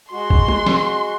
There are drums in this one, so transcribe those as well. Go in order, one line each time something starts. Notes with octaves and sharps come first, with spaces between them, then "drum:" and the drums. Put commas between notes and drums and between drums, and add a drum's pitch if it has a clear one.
G#3 F#4 C6
drum: kick G1
drum: tom G#3
drum: snare